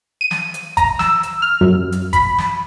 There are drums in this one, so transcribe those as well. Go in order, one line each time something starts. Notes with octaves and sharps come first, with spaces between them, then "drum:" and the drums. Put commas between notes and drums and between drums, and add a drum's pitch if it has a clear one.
D#7
drum: snare
drum: hi-hat
A#5, drum: kick G#1, hi-hat
E6, drum: snare
drum: hi-hat
F6
F#2
drum: hi-hat
B5, drum: kick G#1, hi-hat
drum: snare